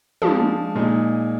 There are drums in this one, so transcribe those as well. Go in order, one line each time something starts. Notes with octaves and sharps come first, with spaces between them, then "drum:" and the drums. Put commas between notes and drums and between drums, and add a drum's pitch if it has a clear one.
F3 G#3 D4 G#4, drum: tom
A#2 G#3 D#4 G#4